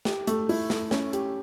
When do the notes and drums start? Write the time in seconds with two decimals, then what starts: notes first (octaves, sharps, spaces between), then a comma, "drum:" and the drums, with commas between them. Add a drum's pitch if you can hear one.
0.05 G4, drum: snare
0.27 A3, drum: hi-hat
0.49 E4, drum: open hi-hat
0.70 A3, drum: snare
0.91 C#4, drum: snare
1.13 G4, drum: hi-hat